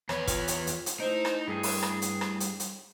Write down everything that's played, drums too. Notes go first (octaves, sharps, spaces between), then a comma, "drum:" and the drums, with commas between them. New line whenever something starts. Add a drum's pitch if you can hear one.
E2 B4 C#5 E5, drum: rim click
F4, drum: kick, hi-hat
drum: hi-hat
drum: hi-hat
drum: hi-hat
A3 D#4 E4 C5
drum: rim click
G2 G#4
drum: open hi-hat
drum: rim click
drum: hi-hat
drum: rim click
drum: hi-hat
drum: hi-hat